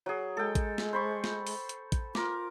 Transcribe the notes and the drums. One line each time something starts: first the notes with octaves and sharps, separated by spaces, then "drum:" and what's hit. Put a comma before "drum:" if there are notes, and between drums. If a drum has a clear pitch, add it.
F#3 G#4
G#3 A4 G5
drum: kick A1, hi-hat
drum: snare
C5 B5 C#6
drum: snare
drum: open hi-hat
drum: hi-hat
drum: kick A1, hi-hat
F4 A#4 D6, drum: snare